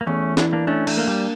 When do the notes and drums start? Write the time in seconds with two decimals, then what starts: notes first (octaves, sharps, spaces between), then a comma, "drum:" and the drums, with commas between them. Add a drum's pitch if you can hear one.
0.01 A#3
0.07 E2 A3 C#4
0.37 E3 D4, drum: snare
0.53 A#3 D4
0.67 A3 C#4 D4
0.87 A3, drum: cymbal
0.97 A#3
1.07 G3